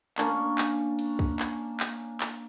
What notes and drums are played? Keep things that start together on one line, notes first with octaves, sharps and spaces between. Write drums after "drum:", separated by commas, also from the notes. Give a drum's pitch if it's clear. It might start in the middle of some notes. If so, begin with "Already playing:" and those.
A#3 C#4 D4, drum: clap
drum: clap
drum: cymbal
drum: kick
drum: clap
drum: clap
drum: clap